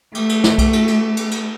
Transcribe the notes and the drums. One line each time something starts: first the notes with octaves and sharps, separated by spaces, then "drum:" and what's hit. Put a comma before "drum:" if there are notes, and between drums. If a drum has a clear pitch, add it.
A3, drum: cymbal
drum: cymbal
drum: snare
drum: kick B1, cymbal
drum: cymbal
drum: cymbal
drum: cymbal
drum: cymbal